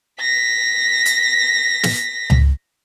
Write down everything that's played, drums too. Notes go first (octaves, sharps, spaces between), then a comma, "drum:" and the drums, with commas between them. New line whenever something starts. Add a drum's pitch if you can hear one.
A#6 B6
drum: hi-hat
drum: snare
drum: tom C#2